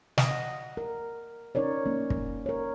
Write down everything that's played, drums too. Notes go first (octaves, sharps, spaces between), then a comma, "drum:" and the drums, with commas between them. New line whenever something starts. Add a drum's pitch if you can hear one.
D#5, drum: snare
F#5
A#4
C#4 D#4 A#4 C#5 D5
A#3 C#4
drum: kick
A#4 C#5